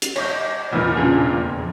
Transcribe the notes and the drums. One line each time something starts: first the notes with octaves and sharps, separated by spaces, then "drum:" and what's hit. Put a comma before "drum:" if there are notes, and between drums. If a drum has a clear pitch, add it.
drum: hi-hat
C#5 D6 G6, drum: cymbal
E2 A#2 F3 B3 E6 F6
E1 C#3 F3 D4 G#4
F2